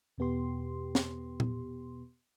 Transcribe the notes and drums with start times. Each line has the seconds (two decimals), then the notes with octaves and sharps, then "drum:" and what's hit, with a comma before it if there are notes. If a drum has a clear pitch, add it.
0.18 E2 B2 B3 G4 C6
0.95 drum: snare
1.40 drum: tom A#2